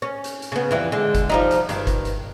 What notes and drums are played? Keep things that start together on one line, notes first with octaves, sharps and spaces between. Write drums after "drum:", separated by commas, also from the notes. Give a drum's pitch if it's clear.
C#4
drum: hi-hat
drum: hi-hat
C#3 B3
F2 E3 G3
D3 G#3
drum: kick G1, hi-hat
F3 G3 D#4
drum: hi-hat
G2 D#3, drum: hi-hat
drum: kick G1, hi-hat
drum: hi-hat